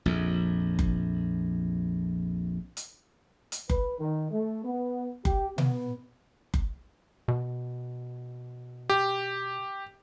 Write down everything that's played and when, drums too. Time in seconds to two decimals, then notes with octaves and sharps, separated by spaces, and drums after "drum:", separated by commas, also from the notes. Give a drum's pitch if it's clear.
0.06 A#1 F2
0.79 drum: kick F#1
2.77 drum: hi-hat
3.52 drum: hi-hat
3.70 B4, drum: kick F#1
3.99 D#3
4.31 A3
4.64 B3
5.25 G4, drum: kick F#1
5.58 B3, drum: tom B2
6.54 drum: kick F#1
7.28 B2
8.90 G4